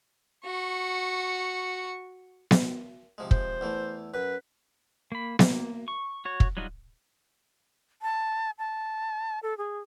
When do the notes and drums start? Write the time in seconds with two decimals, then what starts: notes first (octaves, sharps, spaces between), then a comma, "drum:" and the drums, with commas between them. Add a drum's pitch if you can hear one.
0.45 F#4 C#6
2.51 drum: snare B3
3.18 C3 F3 G#3
3.31 C5, drum: kick
3.61 E2 E3 A3
4.14 F#2 B4 B5
5.12 A#3 B5
5.39 A#3, drum: snare B3
5.88 C#6
6.25 F#4 C#5
6.40 drum: kick
6.57 F#3 G3 D#4 F4 F#4
8.02 A5
8.59 A5
9.43 A4
9.58 G#4